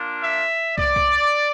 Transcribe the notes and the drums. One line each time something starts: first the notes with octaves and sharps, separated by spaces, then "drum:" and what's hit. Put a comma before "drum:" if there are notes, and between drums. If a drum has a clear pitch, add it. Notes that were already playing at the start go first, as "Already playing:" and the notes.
Already playing: A#3 D4 F4
E5
D5, drum: kick
drum: kick